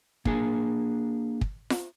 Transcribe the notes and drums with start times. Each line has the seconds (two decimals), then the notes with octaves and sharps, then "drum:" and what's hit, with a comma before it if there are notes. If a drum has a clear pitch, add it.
0.25 A#3 D4 G#4 G#5, drum: kick
1.41 drum: kick
1.70 drum: snare F4